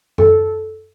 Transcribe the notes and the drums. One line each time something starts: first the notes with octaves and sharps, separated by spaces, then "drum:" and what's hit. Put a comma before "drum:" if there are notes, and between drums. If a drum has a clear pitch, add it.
A4, drum: tom F#2